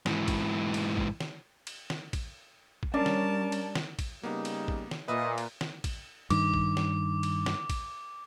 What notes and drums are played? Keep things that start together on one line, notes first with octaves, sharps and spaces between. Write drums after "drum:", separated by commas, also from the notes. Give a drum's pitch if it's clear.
G#2 E3, drum: snare
drum: kick A#1, cymbal
drum: cymbal
drum: kick A#1
drum: snare
drum: cymbal
drum: snare
drum: kick A#1, cymbal
drum: kick A#1
G3 C#4 D4 A#4 A5
drum: snare
drum: cymbal
drum: snare
drum: kick A#1, cymbal
C#3 G3 A#3 B3 D#4
drum: cymbal
drum: kick A#1
drum: snare
A#2 B4 D#5 E5
drum: cymbal
drum: snare
drum: kick A#1, cymbal
G2 D#3 D6, drum: cymbal
drum: kick A#1
drum: snare
drum: cymbal
drum: snare
drum: kick A#1, cymbal